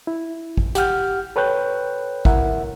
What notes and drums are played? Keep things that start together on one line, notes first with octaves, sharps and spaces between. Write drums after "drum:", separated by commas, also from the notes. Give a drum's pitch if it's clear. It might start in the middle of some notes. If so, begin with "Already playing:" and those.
E4
drum: kick
G4 F#5 F6 G6, drum: hi-hat
A4 B4 C#5 G5 F#6 G6
E4 A#4 E5 F#5, drum: kick